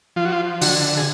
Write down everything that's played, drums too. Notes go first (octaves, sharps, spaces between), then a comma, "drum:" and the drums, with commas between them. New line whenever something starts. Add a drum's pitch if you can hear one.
F3 F4
F#4
F4
D3 F#4, drum: open hi-hat
G#4